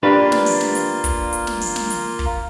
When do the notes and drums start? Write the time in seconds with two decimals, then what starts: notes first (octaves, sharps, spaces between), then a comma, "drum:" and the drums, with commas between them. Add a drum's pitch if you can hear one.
0.03 A#3 D4 F4 G4 B4
0.32 drum: snare
0.46 drum: open hi-hat
0.61 drum: snare
0.75 drum: hi-hat
1.04 drum: kick, hi-hat
1.33 drum: hi-hat
1.47 drum: snare
1.61 drum: open hi-hat
1.76 drum: snare
1.90 drum: hi-hat
2.19 drum: kick